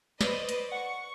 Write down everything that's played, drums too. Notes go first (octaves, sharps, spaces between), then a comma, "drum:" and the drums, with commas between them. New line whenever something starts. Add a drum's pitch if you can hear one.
B4 C5 D5 D#5, drum: snare
drum: hi-hat
F#5 C#6